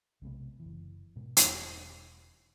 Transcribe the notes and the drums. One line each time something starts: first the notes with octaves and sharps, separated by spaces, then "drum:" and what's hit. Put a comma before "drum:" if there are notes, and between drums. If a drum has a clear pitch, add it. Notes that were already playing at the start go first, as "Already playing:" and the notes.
B1 C3 G#3 B3
F#1 E3
G#2 B2 G#3
E1, drum: hi-hat